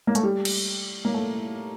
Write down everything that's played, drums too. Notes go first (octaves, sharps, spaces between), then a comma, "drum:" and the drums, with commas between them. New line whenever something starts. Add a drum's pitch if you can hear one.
A#3
A3, drum: hi-hat
G3
drum: cymbal
A#3
A3